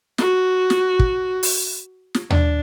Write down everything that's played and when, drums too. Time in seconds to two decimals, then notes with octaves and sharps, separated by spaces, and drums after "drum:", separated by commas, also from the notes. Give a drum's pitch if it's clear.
0.18 F#4, drum: snare
0.70 drum: snare
0.99 drum: kick
1.43 drum: open hi-hat
2.14 drum: snare
2.30 D4, drum: tom D#2